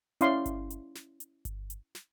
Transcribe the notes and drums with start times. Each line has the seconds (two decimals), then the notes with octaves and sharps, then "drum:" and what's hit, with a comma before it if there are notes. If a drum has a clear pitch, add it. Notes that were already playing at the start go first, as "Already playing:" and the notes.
0.21 C#4 E4 D5 F5 C6, drum: hi-hat
0.46 drum: kick G1, hi-hat
0.70 drum: hi-hat
0.95 drum: snare
1.20 drum: hi-hat
1.45 drum: kick G1, hi-hat
1.70 drum: hi-hat
1.95 drum: snare